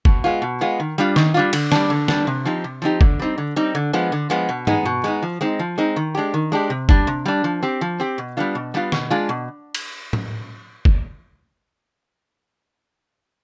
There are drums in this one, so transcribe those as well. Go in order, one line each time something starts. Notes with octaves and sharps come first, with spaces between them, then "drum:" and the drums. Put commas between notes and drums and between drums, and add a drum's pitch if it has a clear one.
B2, drum: kick
G#3 B3 F4
B2
G#3 B3 F4
D#3
G3 D4 F4
D#3, drum: snare
G3 D4 F4
D3, drum: cymbal
G3 D4, drum: snare
D3
G3 D4, drum: snare
C3
F3 C4 D#4 G4
C3
F3 C4 D#4 G4
D3, drum: kick
G3 C4 D#4
D3
G3 C4 D#4
D3
F3 G#3 B3
D3
F3 G#3 B3
B2
G#3 B3 D#4, drum: tom G2
B2
G#3 B3 D#4
F3
G#3 C4 D#4
F3
G#3 C4 D#4
D#3
G#3 D4 G4
D#3
G#3 D4 G4
C3
G3 D4, drum: kick
C3
G3 D4
F3
C4 G4
F3
C4 G4
B2
G3 B3 D4 F4
B2
G3 B3 D4 F4
B2, drum: snare
G#3 D4 F4
B2
drum: cymbal
drum: tom A2
drum: kick